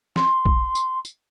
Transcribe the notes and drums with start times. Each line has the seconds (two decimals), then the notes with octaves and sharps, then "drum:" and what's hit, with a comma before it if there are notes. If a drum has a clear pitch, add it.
0.16 C6, drum: snare
0.46 drum: kick A#1
0.75 drum: tambourine
1.05 drum: tambourine